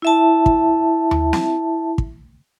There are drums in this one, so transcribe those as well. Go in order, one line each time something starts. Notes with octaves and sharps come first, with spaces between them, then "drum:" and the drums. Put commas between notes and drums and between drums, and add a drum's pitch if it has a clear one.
E4 E5 A5
drum: kick
drum: tom D#2
drum: snare
drum: kick